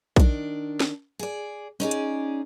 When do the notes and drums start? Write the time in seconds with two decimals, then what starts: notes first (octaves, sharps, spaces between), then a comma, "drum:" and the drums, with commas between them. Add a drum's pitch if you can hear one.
0.16 D#3 D4, drum: kick A#1
0.80 drum: snare
1.19 G#4 D5
1.80 C#4 D#4 G#4 D5
1.91 drum: hi-hat